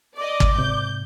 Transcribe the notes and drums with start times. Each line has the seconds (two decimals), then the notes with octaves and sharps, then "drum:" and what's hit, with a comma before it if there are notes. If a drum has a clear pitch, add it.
0.17 D5 D#5 D6
0.40 drum: kick
0.55 G#2 C3 G6